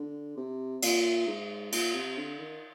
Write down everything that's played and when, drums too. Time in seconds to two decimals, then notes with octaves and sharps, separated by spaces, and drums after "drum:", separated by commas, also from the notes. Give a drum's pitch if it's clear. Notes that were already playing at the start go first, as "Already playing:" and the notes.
Already playing: D3
0.37 C3
0.82 A#2, drum: cymbal
1.27 G#2
1.72 A#2, drum: cymbal
1.94 C3
2.17 D3
2.39 D#3